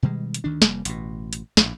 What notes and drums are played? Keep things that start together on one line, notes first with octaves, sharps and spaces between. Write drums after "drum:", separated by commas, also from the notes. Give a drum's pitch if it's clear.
B2 D#3 G3 G#3
drum: hi-hat
D2 D#3 D4
F1 G3 A#3, drum: snare
A1 B2, drum: hi-hat
drum: hi-hat
A#1 A2, drum: snare